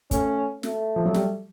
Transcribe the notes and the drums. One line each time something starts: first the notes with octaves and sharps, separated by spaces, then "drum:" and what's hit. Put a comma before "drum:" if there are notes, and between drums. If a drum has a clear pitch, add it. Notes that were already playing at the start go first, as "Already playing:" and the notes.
A3 C#4, drum: kick, hi-hat
A3, drum: snare
F3
F#3
G3, drum: snare